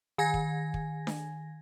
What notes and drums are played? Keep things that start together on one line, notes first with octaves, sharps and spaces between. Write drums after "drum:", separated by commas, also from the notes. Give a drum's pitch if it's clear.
D#3 G#5 G#6 A#6
drum: kick
drum: kick
drum: snare D4